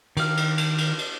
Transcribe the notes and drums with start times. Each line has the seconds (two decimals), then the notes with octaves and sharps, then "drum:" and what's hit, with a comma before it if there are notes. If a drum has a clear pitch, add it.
0.17 D#3 F5, drum: cymbal
0.37 drum: cymbal
0.58 drum: cymbal
0.78 drum: cymbal
0.98 drum: cymbal